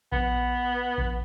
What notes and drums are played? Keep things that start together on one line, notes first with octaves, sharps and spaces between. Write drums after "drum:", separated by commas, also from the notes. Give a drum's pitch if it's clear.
B3, drum: kick A#1
drum: kick A#1